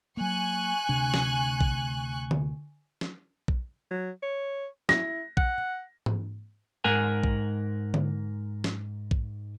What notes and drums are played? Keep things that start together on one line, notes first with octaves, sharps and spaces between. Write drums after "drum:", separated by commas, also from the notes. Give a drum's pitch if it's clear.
F#3 A#3 G#5 C#6 F#6
D2 C3 D4
drum: snare
drum: kick A#1
drum: tom D3
drum: snare
drum: kick A#1
F#3
C#5
E4 A#6, drum: snare
F#5, drum: kick A#1
drum: tom G#2
G#2 A#4 F#5 G#5
drum: kick A#1
drum: tom D3
drum: snare
drum: kick A#1